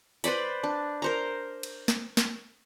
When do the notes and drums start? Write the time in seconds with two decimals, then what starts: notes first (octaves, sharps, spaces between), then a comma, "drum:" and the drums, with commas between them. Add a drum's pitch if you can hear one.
0.24 B4 C5 D5 B5, drum: hi-hat
0.64 D4
1.02 A#4 C5 A#5
1.63 drum: cymbal
1.88 drum: snare
2.17 drum: snare